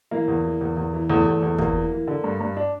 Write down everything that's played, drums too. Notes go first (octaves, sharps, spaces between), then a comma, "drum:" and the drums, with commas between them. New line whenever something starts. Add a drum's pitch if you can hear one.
E3 A#3
E2
E3
E2
E2
E3
E2 A3
E2
E2
E2 A#3, drum: kick
E3
E3
D3
G2
G2
D4